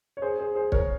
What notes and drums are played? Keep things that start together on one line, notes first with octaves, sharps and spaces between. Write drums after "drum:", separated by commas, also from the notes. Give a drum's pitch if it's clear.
C#5
G#4 C5
G#4 C5
G#4 C5
A#4 C#5, drum: kick